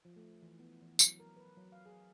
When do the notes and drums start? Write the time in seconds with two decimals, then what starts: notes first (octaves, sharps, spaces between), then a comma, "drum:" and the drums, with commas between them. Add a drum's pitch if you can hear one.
0.05 F3
0.16 A3
0.42 E3
0.59 B3
0.82 E3
0.99 F#3, drum: tambourine
1.20 A#4
1.37 B4
1.57 F#3
1.72 F5
1.86 G#4